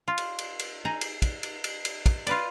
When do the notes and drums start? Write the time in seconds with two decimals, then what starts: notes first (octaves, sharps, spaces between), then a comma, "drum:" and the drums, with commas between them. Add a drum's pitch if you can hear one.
0.08 F4
0.18 drum: cymbal
0.38 drum: cymbal
0.59 drum: cymbal
0.85 D#4 G#4 A#5
1.01 drum: cymbal
1.22 drum: kick, cymbal
1.43 drum: cymbal
1.64 drum: cymbal
1.85 drum: cymbal
2.06 drum: kick, cymbal
2.27 F4 B4 D5, drum: cymbal